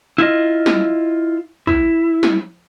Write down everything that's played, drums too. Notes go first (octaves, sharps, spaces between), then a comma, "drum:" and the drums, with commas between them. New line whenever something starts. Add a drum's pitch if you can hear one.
E4 F4 D#5
drum: snare
E4, drum: tom
drum: snare